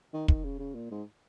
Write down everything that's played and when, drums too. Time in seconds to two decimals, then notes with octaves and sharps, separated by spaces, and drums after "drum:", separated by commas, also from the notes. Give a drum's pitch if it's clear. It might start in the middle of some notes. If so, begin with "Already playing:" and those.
0.13 D#3
0.28 D#3, drum: kick
0.44 C#3
0.59 C#3
0.75 A#2
0.91 G#2